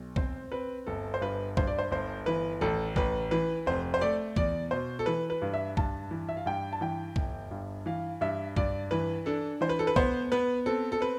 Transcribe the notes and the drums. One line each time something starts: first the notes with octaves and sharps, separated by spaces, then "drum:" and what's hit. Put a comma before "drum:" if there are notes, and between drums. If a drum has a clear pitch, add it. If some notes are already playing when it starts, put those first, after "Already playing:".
Already playing: B1
C4 C5, drum: kick
C4 B4
G1 A4
C5
G2 B4
G2 C5, drum: kick
D5
C5
G1 C5
E3 B4
A1 A4
A1 B4, drum: kick
E3 B4
F1 C5
C5
A3 D5
E2 D5, drum: kick
B2 C5
A4
E3 B4
B4
G2
E5
G2 A5, drum: kick
E3
E5
F5
G2 G5
A5
E3 G5
G1, drum: kick
G2
E3 F5
G2 E5
G2 D5, drum: kick
E3 B4
D4 A4
E3 C5
B4
A4
B4
B3 C5, drum: kick
B3 B4
C4 A4
A4
C4 B4